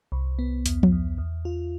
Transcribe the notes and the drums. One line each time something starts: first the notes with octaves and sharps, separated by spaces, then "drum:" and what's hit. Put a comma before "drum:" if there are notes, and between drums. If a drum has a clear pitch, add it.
C2
B3
E2, drum: hi-hat
drum: tom F3
E2
E2
F4